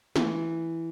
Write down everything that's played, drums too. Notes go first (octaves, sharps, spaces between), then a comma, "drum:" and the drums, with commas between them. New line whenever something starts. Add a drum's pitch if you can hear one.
E3, drum: snare